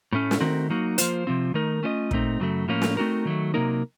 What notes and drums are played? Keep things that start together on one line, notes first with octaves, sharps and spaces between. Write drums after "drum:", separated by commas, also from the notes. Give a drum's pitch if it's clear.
A2 A3 C#4
drum: snare
D#3 A3 C4 F#4 A#4
F#3 A#3 D#4 F#4
F3 A#3 F4 C5, drum: hi-hat
C3 F3 C4 F4
D#3 A3 D#4 A#4
A3 C#4 F4 C5 D#5
A#2 A3 C4 D#4, drum: kick
F#2 C#3 F#3 A3
A2 F3 A#3 C#4 F4
drum: snare
A3 C4 D#4 F#4 A#4
D#3 F#3 A3
C3 F#3 A#3 D#4 A#4